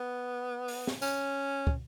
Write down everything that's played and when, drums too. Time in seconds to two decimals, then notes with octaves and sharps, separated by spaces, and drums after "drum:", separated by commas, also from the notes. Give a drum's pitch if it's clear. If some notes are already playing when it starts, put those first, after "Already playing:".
Already playing: B3
0.68 drum: open hi-hat
0.87 drum: snare
1.02 C#4, drum: tambourine
1.67 drum: kick